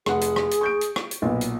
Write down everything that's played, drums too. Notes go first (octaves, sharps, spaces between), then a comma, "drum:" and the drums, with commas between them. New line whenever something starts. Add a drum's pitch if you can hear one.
F1 G#4 F#5, drum: rim click
drum: hi-hat
drum: rim click
drum: hi-hat
C#6 G6 D7
drum: hi-hat
drum: rim click
drum: hi-hat
B1 A#2 B3
drum: hi-hat